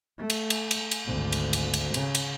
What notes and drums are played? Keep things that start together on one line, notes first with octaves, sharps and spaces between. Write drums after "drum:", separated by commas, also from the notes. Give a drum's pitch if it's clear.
A3
drum: cymbal
drum: cymbal
drum: cymbal
drum: cymbal
G#1 D2
drum: cymbal
drum: cymbal
drum: cymbal
C#3, drum: cymbal
drum: cymbal